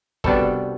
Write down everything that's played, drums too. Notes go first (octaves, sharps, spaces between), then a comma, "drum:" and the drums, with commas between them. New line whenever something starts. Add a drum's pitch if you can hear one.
C2 B2 G3 B3 D4 A4, drum: kick